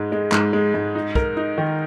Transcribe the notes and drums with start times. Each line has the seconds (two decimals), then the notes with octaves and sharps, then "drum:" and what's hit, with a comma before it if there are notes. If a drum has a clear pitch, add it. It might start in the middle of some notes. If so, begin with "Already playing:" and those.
Already playing: G#2 G#3
0.12 G#3
0.32 G#2, drum: clap
0.53 G#3
0.74 G#2
0.95 D#4
1.15 A#4, drum: kick
1.37 D#4
1.58 D#3